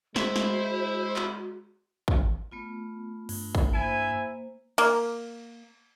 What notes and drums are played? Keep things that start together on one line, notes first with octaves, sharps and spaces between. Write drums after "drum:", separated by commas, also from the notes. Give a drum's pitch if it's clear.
G#3 E4 F#4 C5 E5, drum: snare
drum: snare
drum: clap
drum: kick
A3 B3 F4
G2, drum: open hi-hat
drum: kick
A#3 E4 C5 E5 G#5
A#3, drum: cymbal